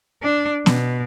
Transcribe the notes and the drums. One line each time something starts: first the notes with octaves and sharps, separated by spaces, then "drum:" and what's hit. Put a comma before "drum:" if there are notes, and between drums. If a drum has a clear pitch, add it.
D4
B2, drum: snare B3